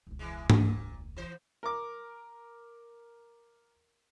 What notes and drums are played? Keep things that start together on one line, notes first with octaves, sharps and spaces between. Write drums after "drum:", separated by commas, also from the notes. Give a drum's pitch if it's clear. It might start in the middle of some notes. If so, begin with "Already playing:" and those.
E1 C#2
E3 G#3
A#2, drum: tom G#2
E3 C5
A#4 D6